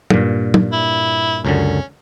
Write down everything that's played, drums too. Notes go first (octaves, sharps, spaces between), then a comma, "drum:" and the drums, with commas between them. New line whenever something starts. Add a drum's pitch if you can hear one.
G2 A#2, drum: tom
drum: tom
E4
C#2 F#2 D3 C#4